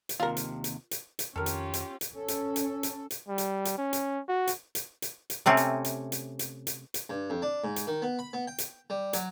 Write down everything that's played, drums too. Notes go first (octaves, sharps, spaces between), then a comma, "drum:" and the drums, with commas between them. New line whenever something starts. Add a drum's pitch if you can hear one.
drum: hi-hat
D#2 C3 F4 A#4
drum: hi-hat
drum: hi-hat
drum: hi-hat
drum: hi-hat
F2 D#3 C#4 F4 G4 A4 A#4
drum: hi-hat
drum: hi-hat
drum: hi-hat
C#4 A4
drum: hi-hat
drum: hi-hat
drum: hi-hat
drum: hi-hat
G3
drum: hi-hat
drum: hi-hat
C#4
drum: hi-hat
F#4
drum: hi-hat
drum: hi-hat
drum: hi-hat
drum: hi-hat
C3 A3 C4 C#4
drum: hi-hat
drum: hi-hat
drum: hi-hat
drum: hi-hat
drum: hi-hat
drum: hi-hat
G2
F2
D4
G#2
drum: hi-hat
D#3
B3
B5
B3
G5
drum: hi-hat
G3
F#3, drum: hi-hat